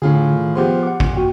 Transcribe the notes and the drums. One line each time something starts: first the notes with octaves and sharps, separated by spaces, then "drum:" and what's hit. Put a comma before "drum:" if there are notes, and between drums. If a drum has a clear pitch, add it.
A2 D3 F4 G#4
D#3
F3 B3 G4 G#4 C5 C6
F#5 D6
A#2, drum: kick G#1
F#4 G5